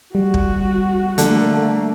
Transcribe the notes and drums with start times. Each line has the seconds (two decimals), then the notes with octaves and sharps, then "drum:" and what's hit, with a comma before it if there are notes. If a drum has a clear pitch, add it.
0.15 G3 F#4
0.34 drum: kick
1.18 D3 A3 A#3, drum: hi-hat